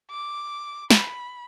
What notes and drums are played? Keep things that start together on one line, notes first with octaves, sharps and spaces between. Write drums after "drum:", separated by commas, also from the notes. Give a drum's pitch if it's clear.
D6
B5, drum: snare